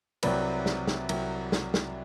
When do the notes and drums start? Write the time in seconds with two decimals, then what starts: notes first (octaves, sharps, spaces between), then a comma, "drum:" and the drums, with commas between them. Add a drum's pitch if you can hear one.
0.23 C2 C3 F#3 B4 D5, drum: cymbal
0.66 drum: snare
0.88 drum: snare
1.09 C2 C3 F#3, drum: cymbal
1.52 drum: snare
1.74 drum: snare